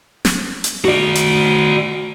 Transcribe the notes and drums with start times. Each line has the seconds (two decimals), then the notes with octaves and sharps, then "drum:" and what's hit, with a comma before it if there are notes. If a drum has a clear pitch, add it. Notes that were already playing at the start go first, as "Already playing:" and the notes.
0.25 drum: snare
0.64 drum: hi-hat
0.85 F#4 D5
1.15 drum: hi-hat